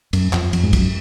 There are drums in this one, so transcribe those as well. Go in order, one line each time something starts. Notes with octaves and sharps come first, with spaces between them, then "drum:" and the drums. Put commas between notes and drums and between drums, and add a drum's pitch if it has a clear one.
F#2, drum: cymbal
F2, drum: clap
F2, drum: cymbal
G#2
F#2, drum: kick, cymbal